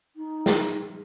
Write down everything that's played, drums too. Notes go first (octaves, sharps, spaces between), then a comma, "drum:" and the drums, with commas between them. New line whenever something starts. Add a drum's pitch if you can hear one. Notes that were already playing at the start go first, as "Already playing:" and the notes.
D#4
drum: snare
drum: tambourine